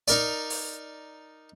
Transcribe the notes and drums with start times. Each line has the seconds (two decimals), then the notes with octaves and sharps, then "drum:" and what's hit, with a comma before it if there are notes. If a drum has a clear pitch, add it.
0.08 D#4 A#4 D5, drum: hi-hat
0.50 drum: open hi-hat